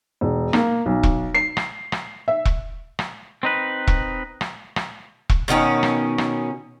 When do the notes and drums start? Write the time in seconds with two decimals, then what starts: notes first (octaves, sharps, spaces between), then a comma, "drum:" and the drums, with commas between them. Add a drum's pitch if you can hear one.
0.21 E1
0.53 A#3, drum: rim click
0.86 B1
1.03 drum: kick E1
1.35 C7
1.57 drum: rim click
1.92 drum: rim click
2.28 E5
2.45 drum: kick E1
2.99 drum: rim click
3.43 C4 D#4 B4
3.87 drum: kick E1
4.41 drum: rim click
4.76 drum: rim click
5.29 drum: kick E1
5.48 B2 D#3 C#4 D#4
5.83 drum: rim click
6.18 drum: rim click